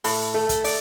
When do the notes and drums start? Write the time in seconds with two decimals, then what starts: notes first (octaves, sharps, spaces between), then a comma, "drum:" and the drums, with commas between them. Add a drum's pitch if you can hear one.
0.04 A2 A4, drum: open hi-hat
0.34 A3 A4
0.49 drum: kick, hi-hat
0.64 D5, drum: open hi-hat